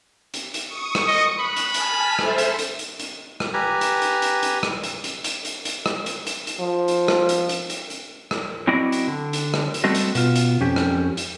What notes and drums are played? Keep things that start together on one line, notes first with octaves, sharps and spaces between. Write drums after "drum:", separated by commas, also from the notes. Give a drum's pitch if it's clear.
drum: hi-hat
drum: hi-hat
C#6 D#6 C#7
drum: rim click
D#5
B5 F#6
drum: hi-hat
G#5 A5 F6, drum: hi-hat
A4 C5 E5, drum: rim click
drum: hi-hat
drum: hi-hat
drum: hi-hat
drum: hi-hat
drum: rim click
G4 B4 G#5 A#5
drum: hi-hat
drum: hi-hat
drum: hi-hat
drum: hi-hat
drum: rim click
drum: hi-hat
drum: hi-hat
drum: hi-hat
drum: hi-hat
drum: hi-hat
drum: rim click
drum: hi-hat
drum: hi-hat
drum: hi-hat
F3
drum: hi-hat
drum: rim click
drum: hi-hat
drum: hi-hat
drum: hi-hat
drum: hi-hat
drum: rim click
F#3 C4 E4 F#4 D5 D#5
drum: hi-hat
D3
drum: hi-hat
drum: rim click
drum: hi-hat
G3 A3 C4 D4 F#4 D#5
drum: hi-hat
B2 F4, drum: hi-hat
drum: hi-hat
F2 C#4 G4
drum: rim click
drum: hi-hat